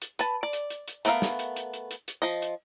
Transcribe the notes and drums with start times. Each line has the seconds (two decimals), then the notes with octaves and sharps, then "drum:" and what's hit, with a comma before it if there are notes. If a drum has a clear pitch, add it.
0.02 drum: hi-hat
0.19 B4 A5, drum: hi-hat
0.43 D5
0.53 drum: hi-hat
0.70 drum: hi-hat
0.88 drum: hi-hat
1.05 A3 B3 A#4 E5 F5, drum: hi-hat
1.22 drum: snare
1.39 drum: hi-hat
1.56 drum: hi-hat
1.74 drum: hi-hat
1.91 drum: hi-hat
2.08 drum: hi-hat
2.22 F3 D#5
2.42 drum: hi-hat